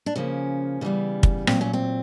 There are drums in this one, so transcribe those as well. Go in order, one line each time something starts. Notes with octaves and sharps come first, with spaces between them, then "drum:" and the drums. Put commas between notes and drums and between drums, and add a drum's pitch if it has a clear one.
D4
C#3 F3 A#3 C#4
C#3 E3 G3 B3
drum: kick
A#2 F#3 A3 C4, drum: rim click
C#4
C4